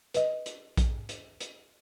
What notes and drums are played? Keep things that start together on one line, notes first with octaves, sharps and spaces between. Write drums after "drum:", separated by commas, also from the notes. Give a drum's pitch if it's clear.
B4 D#5, drum: hi-hat
drum: hi-hat
drum: kick A#1, hi-hat
drum: hi-hat
drum: hi-hat